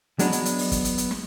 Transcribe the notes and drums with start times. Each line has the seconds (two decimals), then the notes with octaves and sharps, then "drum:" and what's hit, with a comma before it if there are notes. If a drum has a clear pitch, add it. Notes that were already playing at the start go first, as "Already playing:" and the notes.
0.19 F#3 G#3 B3 D4, drum: hi-hat
0.32 drum: hi-hat
0.45 drum: hi-hat
0.59 drum: open hi-hat
0.72 drum: kick, hi-hat
0.85 drum: hi-hat
0.98 drum: hi-hat
1.11 drum: snare